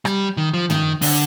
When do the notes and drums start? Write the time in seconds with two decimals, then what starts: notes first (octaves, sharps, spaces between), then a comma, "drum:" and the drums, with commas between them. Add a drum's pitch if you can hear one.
0.05 G3, drum: rim click
0.37 D#3
0.54 F3
0.70 D#3, drum: tom
1.02 D3, drum: open hi-hat